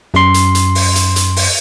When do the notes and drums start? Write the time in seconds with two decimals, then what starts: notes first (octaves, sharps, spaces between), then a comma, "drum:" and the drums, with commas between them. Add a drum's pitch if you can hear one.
0.14 F#2 C6, drum: snare
0.34 drum: hi-hat
0.55 drum: hi-hat
0.75 drum: open hi-hat
0.96 drum: hi-hat
1.16 drum: hi-hat
1.36 drum: open hi-hat